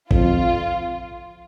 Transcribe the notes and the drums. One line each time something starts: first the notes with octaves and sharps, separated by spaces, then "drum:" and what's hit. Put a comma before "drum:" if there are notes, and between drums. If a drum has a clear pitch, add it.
F2 F4, drum: kick